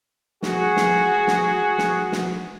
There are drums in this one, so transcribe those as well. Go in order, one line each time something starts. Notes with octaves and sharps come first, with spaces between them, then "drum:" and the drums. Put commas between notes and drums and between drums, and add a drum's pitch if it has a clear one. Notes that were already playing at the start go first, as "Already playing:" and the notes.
F#4 G#4, drum: snare
drum: snare
drum: snare
drum: snare
drum: snare